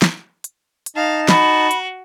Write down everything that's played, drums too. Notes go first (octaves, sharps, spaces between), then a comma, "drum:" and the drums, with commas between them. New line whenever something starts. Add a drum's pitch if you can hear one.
drum: snare
drum: hi-hat
drum: hi-hat
D#4 F5 A5
F#4 B5, drum: snare
drum: hi-hat